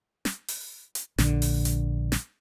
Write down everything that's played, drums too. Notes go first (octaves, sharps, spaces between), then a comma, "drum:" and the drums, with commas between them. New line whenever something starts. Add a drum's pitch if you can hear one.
drum: snare
drum: open hi-hat
drum: hi-hat
A#1 D3, drum: snare
drum: open hi-hat
drum: hi-hat
drum: snare